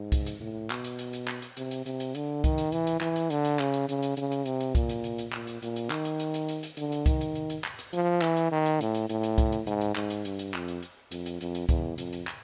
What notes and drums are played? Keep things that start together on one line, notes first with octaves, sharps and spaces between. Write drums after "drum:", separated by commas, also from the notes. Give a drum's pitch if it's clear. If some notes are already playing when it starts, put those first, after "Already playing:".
Already playing: G#2
drum: kick C2, hi-hat
drum: hi-hat
A2
B2, drum: clap
drum: hi-hat
drum: hi-hat
drum: hi-hat
drum: clap
drum: hi-hat
C3, drum: hi-hat
drum: hi-hat
C3, drum: hi-hat
drum: hi-hat
D3, drum: hi-hat
D#3, drum: kick C2, hi-hat
drum: hi-hat
E3, drum: hi-hat
drum: hi-hat
E3, drum: clap
drum: hi-hat
D3, drum: hi-hat
drum: hi-hat
C#3, drum: clap
drum: hi-hat
C#3, drum: hi-hat
drum: hi-hat
C#3, drum: hi-hat
drum: hi-hat
C3, drum: hi-hat
drum: hi-hat
A#2, drum: kick C2, hi-hat
drum: hi-hat
drum: hi-hat
drum: hi-hat
A#2, drum: clap
drum: hi-hat
A#2, drum: hi-hat
drum: hi-hat
D#3, drum: clap
drum: hi-hat
drum: hi-hat
drum: hi-hat
drum: hi-hat
drum: hi-hat
D3, drum: hi-hat
drum: hi-hat
D#3, drum: kick C2, hi-hat
drum: hi-hat
drum: hi-hat
drum: hi-hat
drum: clap
drum: hi-hat
F3, drum: hi-hat
E3, drum: clap
drum: hi-hat
D#3
drum: hi-hat
A2, drum: hi-hat
drum: hi-hat
A2, drum: hi-hat
drum: hi-hat
drum: kick C2, hi-hat
drum: hi-hat
G#2, drum: hi-hat
drum: hi-hat
G#2, drum: clap
drum: hi-hat
G2, drum: hi-hat
drum: hi-hat
F2, drum: clap
drum: hi-hat
drum: hi-hat
F2, drum: hi-hat
drum: hi-hat
F2, drum: hi-hat
drum: hi-hat
E2, drum: kick C2, hi-hat
F2, drum: hi-hat
drum: hi-hat
drum: clap